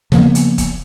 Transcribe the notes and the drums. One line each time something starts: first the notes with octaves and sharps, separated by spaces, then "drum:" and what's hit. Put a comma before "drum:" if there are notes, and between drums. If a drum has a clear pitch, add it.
C#3 F3 A#3 B3, drum: snare
drum: hi-hat
drum: kick, hi-hat